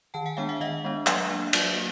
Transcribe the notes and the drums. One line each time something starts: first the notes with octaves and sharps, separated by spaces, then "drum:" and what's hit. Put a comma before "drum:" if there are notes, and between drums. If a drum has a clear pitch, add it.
D#3 G5 A5
F#5 G#5
G#3 B3 D4 F5 G5
E5 F#5
D#3 D#5 F5
G#3 B3 D4
F#3, drum: clap
A#3 D4
F#3 D5 E5, drum: cymbal
A#3